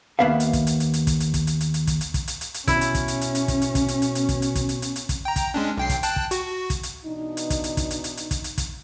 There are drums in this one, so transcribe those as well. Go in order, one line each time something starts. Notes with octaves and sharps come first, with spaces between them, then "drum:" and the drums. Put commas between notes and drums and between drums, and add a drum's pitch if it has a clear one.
D#2 F#3 A#3 B3 E5 F5
drum: hi-hat
drum: kick, hi-hat
drum: hi-hat
drum: hi-hat
drum: hi-hat
drum: kick, hi-hat
drum: hi-hat
drum: kick, hi-hat
drum: hi-hat
drum: hi-hat
drum: hi-hat
drum: kick, hi-hat
drum: hi-hat
drum: kick, hi-hat
drum: hi-hat
drum: hi-hat
drum: hi-hat
B2 C#4 E4, drum: kick, hi-hat
drum: hi-hat
drum: kick, hi-hat
drum: hi-hat
drum: hi-hat
drum: hi-hat
drum: kick, hi-hat
drum: hi-hat
drum: kick, hi-hat
drum: hi-hat
drum: hi-hat
drum: hi-hat
drum: kick, hi-hat
drum: hi-hat
drum: kick, hi-hat
drum: hi-hat
drum: hi-hat
drum: hi-hat
drum: kick, hi-hat
G5 A#5
drum: kick, hi-hat
G#3 C#4 D4
B1 G5 C7
drum: kick, hi-hat
G5 A5 F#6, drum: hi-hat
drum: kick
F#4, drum: hi-hat
drum: kick, hi-hat
drum: hi-hat
B2 E3 D4 D#4
drum: hi-hat
drum: kick, hi-hat
drum: hi-hat
drum: kick, hi-hat
drum: hi-hat
drum: hi-hat
drum: hi-hat
drum: kick, hi-hat
drum: hi-hat
drum: kick, hi-hat